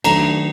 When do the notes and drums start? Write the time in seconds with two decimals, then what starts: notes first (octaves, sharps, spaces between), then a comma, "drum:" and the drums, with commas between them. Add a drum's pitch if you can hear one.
0.04 D#3 F#3 A3 D4 A#5, drum: cymbal